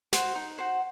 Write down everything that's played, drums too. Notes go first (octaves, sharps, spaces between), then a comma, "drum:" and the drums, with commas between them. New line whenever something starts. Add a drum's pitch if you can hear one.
F#4 C5 F#5, drum: snare
D#4
F#4 C5 F#5